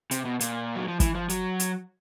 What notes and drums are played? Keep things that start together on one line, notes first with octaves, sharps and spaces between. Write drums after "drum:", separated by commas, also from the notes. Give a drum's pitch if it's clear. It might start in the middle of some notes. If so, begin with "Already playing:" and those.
C3, drum: hi-hat
B2
A#2, drum: hi-hat
F#3
F3
E3, drum: kick, hi-hat
F3
F#3, drum: hi-hat
drum: hi-hat